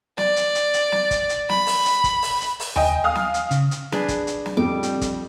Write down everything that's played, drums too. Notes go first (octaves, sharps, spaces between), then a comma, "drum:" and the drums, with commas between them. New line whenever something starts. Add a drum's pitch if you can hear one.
D5, drum: snare
drum: hi-hat
drum: hi-hat
drum: hi-hat
drum: snare
drum: kick, hi-hat
drum: hi-hat
B5, drum: snare
drum: open hi-hat
drum: hi-hat
drum: kick, hi-hat
drum: open hi-hat
drum: hi-hat
drum: open hi-hat
D#5 G5 G#5, drum: tom D#2
F5 D#6 F6
drum: snare
drum: hi-hat
C#3, drum: hi-hat
drum: hi-hat
D4 G#4 B4, drum: snare
drum: kick, hi-hat
drum: hi-hat
drum: snare
F2 A2 C#3 G3 D6
drum: hi-hat
drum: kick, hi-hat